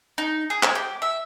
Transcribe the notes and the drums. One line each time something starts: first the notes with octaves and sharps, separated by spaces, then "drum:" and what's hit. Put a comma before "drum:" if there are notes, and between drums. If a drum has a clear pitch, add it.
D#4
G#4
drum: clap
G4
E5